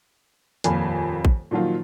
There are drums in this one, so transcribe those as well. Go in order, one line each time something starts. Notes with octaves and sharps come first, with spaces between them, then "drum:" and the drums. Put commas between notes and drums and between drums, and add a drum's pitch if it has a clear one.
D#1 F2 A#3 G#5 B5, drum: hi-hat
drum: kick A1
A#2 D#3 F3 F#3 F4